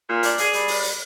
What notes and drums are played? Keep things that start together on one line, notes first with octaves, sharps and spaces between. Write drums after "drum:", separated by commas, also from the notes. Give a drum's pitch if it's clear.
A#2
D4, drum: hi-hat
G#4, drum: hi-hat
G3, drum: hi-hat
drum: open hi-hat
drum: hi-hat